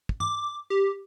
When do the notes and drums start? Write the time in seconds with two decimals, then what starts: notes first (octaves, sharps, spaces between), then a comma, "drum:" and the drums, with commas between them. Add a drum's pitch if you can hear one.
0.09 drum: kick
0.20 D6, drum: tom G2
0.70 G4